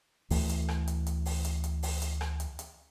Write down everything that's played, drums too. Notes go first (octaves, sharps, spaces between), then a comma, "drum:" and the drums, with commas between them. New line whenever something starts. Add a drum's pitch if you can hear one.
D2 E3 A3, drum: open hi-hat
drum: hi-hat
drum: rim click
drum: hi-hat
drum: hi-hat
drum: open hi-hat
drum: hi-hat
drum: hi-hat
drum: open hi-hat
drum: hi-hat
drum: rim click
drum: hi-hat
drum: hi-hat